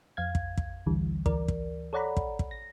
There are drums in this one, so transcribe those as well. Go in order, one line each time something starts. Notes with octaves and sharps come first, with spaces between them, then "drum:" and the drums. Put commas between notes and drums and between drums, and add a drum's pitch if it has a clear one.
F2 F5 G#6
drum: kick
drum: kick
A#1 D#2 D3 E3 G3
D2 E3 A#4 D5, drum: kick
drum: kick
A4 C#5 D5 F#5 A#5 B5
drum: kick
drum: kick
A#6